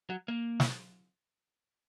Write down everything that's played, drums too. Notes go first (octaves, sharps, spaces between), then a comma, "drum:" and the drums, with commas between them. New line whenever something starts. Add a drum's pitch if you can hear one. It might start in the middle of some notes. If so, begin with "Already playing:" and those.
F#3
A#3
drum: snare